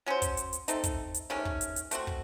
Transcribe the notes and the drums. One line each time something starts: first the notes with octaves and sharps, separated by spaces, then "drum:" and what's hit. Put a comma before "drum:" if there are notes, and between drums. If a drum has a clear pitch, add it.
F#3 C#4 F#4 C5
drum: kick, hi-hat
drum: hi-hat
drum: hi-hat
A3 C4 D#4 A4, drum: hi-hat
drum: kick, hi-hat
drum: hi-hat
C3 D#3 A3 C#4
drum: kick
drum: hi-hat
drum: hi-hat
A3 C4 F#4, drum: hi-hat
drum: kick